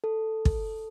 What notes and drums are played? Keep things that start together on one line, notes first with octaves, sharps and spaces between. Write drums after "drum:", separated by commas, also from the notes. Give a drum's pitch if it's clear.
A4
drum: kick